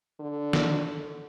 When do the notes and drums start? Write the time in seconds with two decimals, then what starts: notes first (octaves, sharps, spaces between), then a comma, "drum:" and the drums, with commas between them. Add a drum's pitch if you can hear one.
0.20 D3
0.53 drum: snare